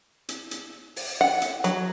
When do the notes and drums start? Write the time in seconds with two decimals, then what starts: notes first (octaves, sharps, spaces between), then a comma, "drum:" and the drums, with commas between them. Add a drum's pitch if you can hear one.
0.29 drum: hi-hat
0.51 drum: hi-hat
0.96 drum: open hi-hat
1.21 F#5
1.42 drum: hi-hat
1.64 F#3, drum: hi-hat